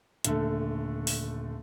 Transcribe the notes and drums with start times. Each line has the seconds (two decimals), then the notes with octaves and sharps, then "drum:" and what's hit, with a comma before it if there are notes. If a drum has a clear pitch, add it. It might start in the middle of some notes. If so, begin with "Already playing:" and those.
0.24 D#1 D3 A3, drum: hi-hat
1.07 drum: open hi-hat